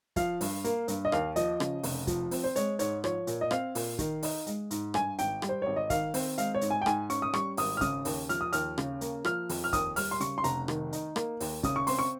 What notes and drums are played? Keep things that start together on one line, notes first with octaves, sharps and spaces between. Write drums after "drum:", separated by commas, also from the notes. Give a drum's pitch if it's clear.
F3 F5, drum: kick, hi-hat
G2, drum: open hi-hat
A#3, drum: hi-hat
G2, drum: hi-hat
D#5
D#2 F5, drum: rim click
F3 D#5, drum: hi-hat
C#3, drum: rim click
F1, drum: open hi-hat
F3, drum: kick, hi-hat
C4, drum: open hi-hat
C5
G#3 C#5, drum: hi-hat
G#2 C#5, drum: hi-hat
F3 C#5, drum: rim click
A#2, drum: hi-hat
D#5
C4 F5, drum: rim click
A#2, drum: open hi-hat
D#3, drum: kick, hi-hat
D#4, drum: open hi-hat
G#3, drum: hi-hat
G#2, drum: hi-hat
G2 G#5, drum: rim click
G#1 G5, drum: hi-hat
G3, drum: rim click
C5
G#1 C#5
D#5
D#3 F5, drum: kick, hi-hat
C4, drum: open hi-hat
G#3 F5, drum: hi-hat
C#5
G#2, drum: hi-hat
G#5
G5
G#2 G#5, drum: rim click
C#4 C#6, drum: hi-hat
D#6
G3 C#6, drum: rim click
G#1 D#6, drum: open hi-hat
F6
C#3 D#6, drum: kick, hi-hat
D#2, drum: open hi-hat
F3 F6, drum: hi-hat
D#6
D#2 F6, drum: hi-hat
C#3, drum: rim click
A#3, drum: hi-hat
F3 F6, drum: rim click
F2, drum: open hi-hat
F6
D#2 D#6, drum: kick, hi-hat
G3 F6, drum: open hi-hat
C6
C#3 C#6, drum: hi-hat
C6
F1 A#5, drum: hi-hat
D#3, drum: rim click
D#4, drum: hi-hat
A#3, drum: rim click
D#2, drum: open hi-hat
C#3 D#6, drum: kick, hi-hat
C#6
C4 C6, drum: open hi-hat
C#6